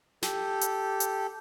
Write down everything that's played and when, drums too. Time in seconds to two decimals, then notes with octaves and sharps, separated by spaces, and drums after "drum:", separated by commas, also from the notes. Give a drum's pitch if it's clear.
0.22 G4 A4, drum: snare
0.61 drum: hi-hat
1.00 drum: hi-hat